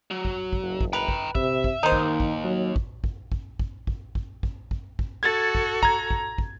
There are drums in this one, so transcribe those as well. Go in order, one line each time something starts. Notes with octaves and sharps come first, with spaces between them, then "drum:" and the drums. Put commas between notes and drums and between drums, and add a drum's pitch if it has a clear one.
F#3
drum: kick
drum: kick
F#1
drum: kick
B4 G5 A#5
drum: kick
C3 E5, drum: kick
drum: kick
D#2 D#3 D#4 C5
drum: kick
drum: kick
F#3
drum: kick
drum: kick
drum: kick
drum: kick
drum: kick
drum: kick
drum: kick
drum: kick
drum: kick
F#4 A4 G#6 A6
drum: kick
A#5 G#6, drum: kick
drum: kick
drum: kick